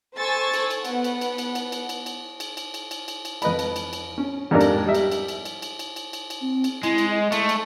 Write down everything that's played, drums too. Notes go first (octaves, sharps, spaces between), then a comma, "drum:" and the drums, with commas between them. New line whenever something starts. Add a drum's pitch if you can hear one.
A4 C5 G#5 C#6 E6 A6
drum: cymbal
drum: cymbal
B3 F#5, drum: cymbal
drum: cymbal
drum: cymbal
drum: cymbal
drum: cymbal
drum: cymbal
drum: cymbal
drum: cymbal
drum: cymbal
drum: cymbal
drum: cymbal
drum: cymbal
drum: cymbal
drum: cymbal
F2 B4 D#5 B5, drum: cymbal
drum: cymbal
drum: cymbal
drum: cymbal
C#4
F2 G#2 D4 G4 A#4 D5
drum: cymbal
G3 D#5 E5
drum: cymbal
drum: cymbal
drum: cymbal
drum: cymbal
drum: cymbal
drum: cymbal
drum: cymbal
drum: cymbal
drum: cymbal
C4
drum: cymbal
G#3 E4, drum: cymbal
drum: cymbal
D#5
A3, drum: cymbal
drum: cymbal